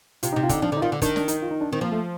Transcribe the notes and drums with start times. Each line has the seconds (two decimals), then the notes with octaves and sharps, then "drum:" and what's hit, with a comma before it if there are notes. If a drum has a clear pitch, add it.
0.23 C3 F4, drum: hi-hat
0.32 D#4
0.36 C3
0.43 F4
0.49 D3 D#4, drum: kick, hi-hat
0.62 F3 D4
0.72 D3 D#4
0.82 D#3 F4
0.92 D3
1.02 D#3 D4, drum: kick, hi-hat
1.16 D4, drum: snare
1.28 D#4, drum: hi-hat
1.42 F4
1.51 D#4
1.61 D4
1.72 D#3 C4
1.81 F3 A#3
1.92 A3